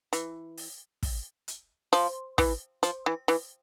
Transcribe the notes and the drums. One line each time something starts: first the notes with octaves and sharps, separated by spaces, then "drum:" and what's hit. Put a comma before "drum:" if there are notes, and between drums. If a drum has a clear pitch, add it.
E3, drum: hi-hat
drum: open hi-hat
drum: kick, open hi-hat
drum: hi-hat
F3, drum: open hi-hat
E3, drum: kick, open hi-hat
F3, drum: hi-hat
E3
E3, drum: open hi-hat